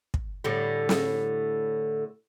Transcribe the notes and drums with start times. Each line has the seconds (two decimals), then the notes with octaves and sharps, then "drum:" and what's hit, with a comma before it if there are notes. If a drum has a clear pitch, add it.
0.14 drum: kick
0.44 A2 D3 G3
0.89 drum: snare